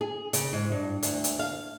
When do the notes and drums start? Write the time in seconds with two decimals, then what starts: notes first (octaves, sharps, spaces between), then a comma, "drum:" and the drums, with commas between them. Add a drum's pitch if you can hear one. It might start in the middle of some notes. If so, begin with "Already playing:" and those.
0.01 G#4
0.33 C#3, drum: hi-hat
0.53 G#2
0.72 G2
1.03 D2, drum: hi-hat
1.24 drum: hi-hat
1.39 F5